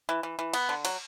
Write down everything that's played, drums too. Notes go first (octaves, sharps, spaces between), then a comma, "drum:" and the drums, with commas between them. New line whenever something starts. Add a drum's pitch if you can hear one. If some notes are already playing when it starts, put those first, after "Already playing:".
E3
E3
E3
B3, drum: cymbal
D3
F#3, drum: cymbal